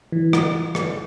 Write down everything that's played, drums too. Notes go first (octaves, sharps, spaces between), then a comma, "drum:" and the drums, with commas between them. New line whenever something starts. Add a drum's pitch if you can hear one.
E3
drum: rim click
drum: rim click